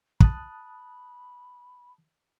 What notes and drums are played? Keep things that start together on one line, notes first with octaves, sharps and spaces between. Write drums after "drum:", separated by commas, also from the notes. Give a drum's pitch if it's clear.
A5 B5 D#6 F#6, drum: kick